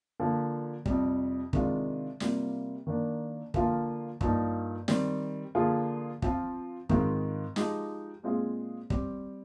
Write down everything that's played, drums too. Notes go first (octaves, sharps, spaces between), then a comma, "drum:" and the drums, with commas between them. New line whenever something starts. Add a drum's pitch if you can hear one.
D3 F3 A#3
F2 C3 G3, drum: kick
C3 D#3 G#3 D4 F4, drum: kick
C3 G3 A#3 F4, drum: snare
D#3 A#3 D4
D3 F3 A#3 F4, drum: kick
G2 F3 A#3 D#4, drum: kick
D#3 G3 C4, drum: snare
D3 F3 A#3 F4 G#4
F3 C4 F4, drum: kick
G#2 D#3 G#3 C4 F4, drum: kick
F3 G#3 D#4 G4, drum: snare
A#2 G#3 C4 F4 G#4
G3 C4 G4, drum: kick